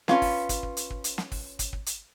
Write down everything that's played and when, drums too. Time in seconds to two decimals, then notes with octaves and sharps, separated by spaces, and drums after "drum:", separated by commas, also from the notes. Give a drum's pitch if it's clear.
0.08 C#4 F4 B4, drum: snare
0.22 drum: kick, open hi-hat
0.49 drum: kick, hi-hat
0.63 drum: kick
0.77 drum: hi-hat
0.90 drum: kick
1.04 drum: hi-hat
1.18 drum: snare
1.32 drum: kick, open hi-hat
1.59 drum: kick, hi-hat
1.73 drum: kick
1.86 drum: hi-hat